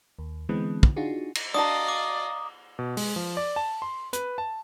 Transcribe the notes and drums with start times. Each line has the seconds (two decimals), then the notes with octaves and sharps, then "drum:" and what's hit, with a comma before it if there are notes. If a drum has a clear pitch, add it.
0.19 D#2
0.49 D3 E3 G#3 B3 C4
0.83 drum: kick
0.96 D4 D#4 F4 F#4 G#4
1.35 drum: cymbal
1.54 D4 F#4 D5 D#5 F5 A5 A#5 D#6
1.88 D6
2.79 B2
2.97 G#3, drum: open hi-hat
3.16 F3
3.37 D5
3.56 A5
3.82 C6
4.13 B4, drum: hi-hat
4.38 A5